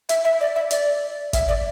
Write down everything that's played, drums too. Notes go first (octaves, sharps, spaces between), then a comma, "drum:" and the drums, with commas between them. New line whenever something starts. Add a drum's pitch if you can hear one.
E5, drum: hi-hat
E5
D5
E5
D5, drum: hi-hat
E5, drum: kick, hi-hat
D5